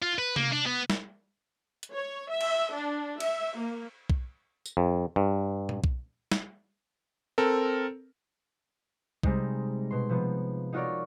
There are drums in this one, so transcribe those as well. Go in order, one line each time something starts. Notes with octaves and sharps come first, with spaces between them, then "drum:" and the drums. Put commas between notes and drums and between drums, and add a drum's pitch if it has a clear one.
F4
B4
A#3, drum: tom C3
D4
B3
drum: snare
drum: hi-hat
C#5
E5
drum: cymbal
D4
E5, drum: cymbal
A#3
drum: kick B1
drum: tambourine
F2
G2
drum: tom A#2
drum: kick B1
drum: snare
C4 A4 A#4
C3 G3 G#3 C4 D#4, drum: kick B1
B2 C6
C3 F3 B3
D#4 F4 F#4 A#4 C#5 D5